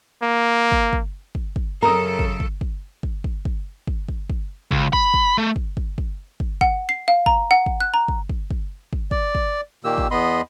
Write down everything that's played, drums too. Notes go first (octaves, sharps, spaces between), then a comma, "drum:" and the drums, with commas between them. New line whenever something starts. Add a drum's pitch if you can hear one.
A#3
drum: kick
drum: kick
drum: kick
drum: kick
F#2 C#3 A4 A#4 A#5 D#6
drum: kick
drum: kick
drum: kick
drum: kick
drum: kick
drum: kick
drum: kick
drum: kick
drum: kick
C#2, drum: kick
B5, drum: kick
drum: kick
A3
drum: kick
drum: kick
drum: kick
drum: kick
F#5, drum: kick
C7
F5
A#5, drum: kick
F#5
drum: kick
F#6
A#5
drum: kick
drum: kick
drum: kick
drum: kick
D5, drum: kick
drum: kick
A#2 D#3 A#3 G4 E6
drum: kick
E2 B3 D#5 B5 C6